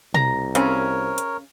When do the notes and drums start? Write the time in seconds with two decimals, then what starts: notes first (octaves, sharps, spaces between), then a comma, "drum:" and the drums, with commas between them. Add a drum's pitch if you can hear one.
0.14 C2 A#5, drum: tom B2
0.55 C#3 C4 C#4 A#4 C#5, drum: hi-hat
1.18 drum: hi-hat